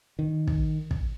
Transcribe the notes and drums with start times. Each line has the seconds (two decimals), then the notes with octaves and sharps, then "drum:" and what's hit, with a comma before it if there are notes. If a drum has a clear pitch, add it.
0.19 D#3
0.47 drum: kick
0.91 drum: kick